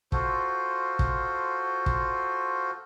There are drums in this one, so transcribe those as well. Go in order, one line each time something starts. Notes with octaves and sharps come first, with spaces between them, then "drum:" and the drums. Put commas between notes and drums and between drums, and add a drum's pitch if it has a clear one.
F4 F#4 A4 C5, drum: kick
drum: kick
drum: kick